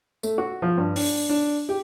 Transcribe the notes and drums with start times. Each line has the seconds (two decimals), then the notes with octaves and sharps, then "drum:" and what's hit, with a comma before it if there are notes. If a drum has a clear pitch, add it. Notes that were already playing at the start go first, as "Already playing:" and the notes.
0.23 A3, drum: tambourine
0.38 F#4
0.62 F3
0.77 G2
0.96 D4, drum: open hi-hat
1.29 D4
1.69 G4